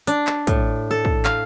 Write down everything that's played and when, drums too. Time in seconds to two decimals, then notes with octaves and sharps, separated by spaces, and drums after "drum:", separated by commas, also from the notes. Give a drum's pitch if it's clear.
0.07 D4, drum: hi-hat
0.27 drum: clap
0.47 A2, drum: kick, hi-hat
0.91 A4
1.05 drum: kick
1.25 F5, drum: clap